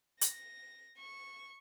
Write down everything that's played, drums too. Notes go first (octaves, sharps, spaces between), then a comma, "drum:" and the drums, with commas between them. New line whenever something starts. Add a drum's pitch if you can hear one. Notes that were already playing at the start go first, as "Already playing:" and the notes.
A#6, drum: hi-hat
C#6